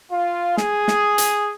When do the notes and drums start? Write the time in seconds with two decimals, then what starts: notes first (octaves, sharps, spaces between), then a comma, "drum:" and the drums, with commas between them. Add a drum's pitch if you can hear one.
0.12 F4
0.57 G#4, drum: snare
0.88 drum: snare
1.18 drum: hi-hat